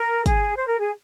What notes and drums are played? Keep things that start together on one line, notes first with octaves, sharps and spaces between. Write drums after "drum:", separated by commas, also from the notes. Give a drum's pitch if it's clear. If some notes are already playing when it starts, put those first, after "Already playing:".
Already playing: A#4
G#4, drum: kick, hi-hat
C5
A#4
G#4